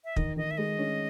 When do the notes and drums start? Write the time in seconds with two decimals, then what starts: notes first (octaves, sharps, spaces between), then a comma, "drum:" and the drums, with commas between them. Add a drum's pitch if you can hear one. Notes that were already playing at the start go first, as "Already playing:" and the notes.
0.05 E5
0.16 D#3 D#5, drum: kick
0.37 D#3 D#5
0.51 E5
0.58 G#3 D#5
0.79 C#4